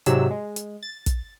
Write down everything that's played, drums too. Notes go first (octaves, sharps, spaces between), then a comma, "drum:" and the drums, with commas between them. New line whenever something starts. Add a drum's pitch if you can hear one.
G#2 C3 F#3 E6, drum: hi-hat
G#3
drum: hi-hat
A6
drum: kick, hi-hat